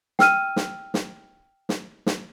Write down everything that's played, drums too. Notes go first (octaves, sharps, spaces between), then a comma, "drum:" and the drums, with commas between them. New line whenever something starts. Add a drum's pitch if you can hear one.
G5 E6 F6 D#7, drum: snare
drum: snare
drum: snare
drum: snare
drum: snare